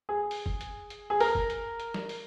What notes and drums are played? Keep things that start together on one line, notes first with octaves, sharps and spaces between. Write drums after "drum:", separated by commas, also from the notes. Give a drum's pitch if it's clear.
G#4
drum: open hi-hat
drum: kick
drum: hi-hat
drum: hi-hat
G#4
A#4, drum: open hi-hat
drum: kick
drum: hi-hat
drum: hi-hat
drum: snare
drum: open hi-hat